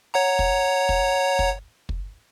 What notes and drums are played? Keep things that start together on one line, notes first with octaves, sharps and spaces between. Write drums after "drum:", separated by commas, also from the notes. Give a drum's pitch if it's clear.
C#5 F#5 A#5
drum: kick
drum: kick
drum: kick
drum: kick